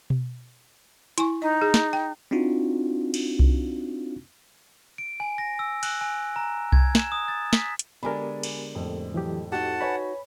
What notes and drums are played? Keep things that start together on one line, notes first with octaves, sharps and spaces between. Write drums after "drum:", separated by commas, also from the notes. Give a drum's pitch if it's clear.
drum: tom B2
E4 G#5 C#6, drum: hi-hat
D#4 D#5
G#4
drum: snare
G5
C4 D4 D#4 F4 F#4
drum: cymbal
drum: kick C2
D7
G#5
A#6
E6
F#6, drum: cymbal
G#5
A#5
G#6, drum: kick C2
E7, drum: snare
D#6
A6
B6, drum: snare
drum: hi-hat
D3 G#3 B3 G4 A#4 D5 G#5 B5
drum: cymbal
F2 A2
E3 F#3 G4
D#4 F#4 G4 F#5 A5
B4 C#5 G#5 B5